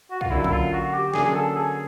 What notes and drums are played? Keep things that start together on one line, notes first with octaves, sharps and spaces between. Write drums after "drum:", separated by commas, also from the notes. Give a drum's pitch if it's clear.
F#4
F4, drum: kick
D3 F#3 A#3 C#4 E4
E4, drum: kick
F4
F#4
G4
D3 F#3 A#3 C#4 G#4, drum: snare
G#4
A4
G#4